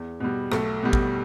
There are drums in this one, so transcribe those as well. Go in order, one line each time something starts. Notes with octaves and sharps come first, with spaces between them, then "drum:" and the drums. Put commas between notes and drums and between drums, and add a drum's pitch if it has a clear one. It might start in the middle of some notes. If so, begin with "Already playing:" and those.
Already playing: E2
B2 G3
B1 A3, drum: rim click
B2 G3
drum: kick G#1